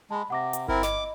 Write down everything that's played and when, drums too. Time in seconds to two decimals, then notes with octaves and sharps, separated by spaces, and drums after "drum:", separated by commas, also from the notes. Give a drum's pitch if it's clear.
0.11 G#3 A5 B5
0.30 C3 F#5 D6 A#6
0.53 drum: hi-hat
0.68 C4 E4 A#4, drum: kick G1
0.83 D#5 B5 D6, drum: snare